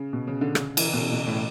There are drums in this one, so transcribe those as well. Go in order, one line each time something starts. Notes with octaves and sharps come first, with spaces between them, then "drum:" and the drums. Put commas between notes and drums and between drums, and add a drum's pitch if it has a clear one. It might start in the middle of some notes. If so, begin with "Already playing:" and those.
Already playing: C#3
B2
C#3
D3
C#3, drum: rim click
E3, drum: cymbal
B2
C#3
B2
A2